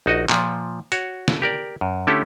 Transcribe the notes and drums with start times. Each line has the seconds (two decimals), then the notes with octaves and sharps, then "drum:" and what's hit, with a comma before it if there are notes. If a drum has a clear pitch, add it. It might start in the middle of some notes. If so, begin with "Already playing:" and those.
0.06 A#1 D#4 F#4 D#5
0.29 A#2 F3, drum: clap
0.92 F#4 C#5, drum: hi-hat
1.28 drum: snare
1.42 G4 A#4 D5
1.81 F#2
2.07 D3 A3 C#4 E4 G4 A4